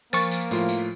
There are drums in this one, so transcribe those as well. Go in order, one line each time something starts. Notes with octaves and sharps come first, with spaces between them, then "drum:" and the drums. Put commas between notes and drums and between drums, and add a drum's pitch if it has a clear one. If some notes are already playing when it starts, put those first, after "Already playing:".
F3 A#3 C5 C#6 A6, drum: tambourine
drum: tambourine
A2 F4, drum: tambourine
drum: tambourine